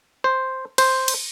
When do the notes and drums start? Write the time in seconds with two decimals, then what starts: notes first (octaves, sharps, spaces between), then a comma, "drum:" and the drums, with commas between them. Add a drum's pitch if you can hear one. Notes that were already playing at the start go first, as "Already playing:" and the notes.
0.24 C5
0.78 C5, drum: cymbal
1.08 drum: cymbal